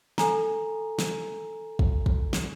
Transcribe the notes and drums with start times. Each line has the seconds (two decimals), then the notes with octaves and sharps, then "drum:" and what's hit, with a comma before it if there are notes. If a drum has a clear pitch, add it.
0.18 A4 G#5 A#5, drum: snare
0.99 drum: snare
1.79 drum: kick
2.06 drum: kick
2.33 drum: snare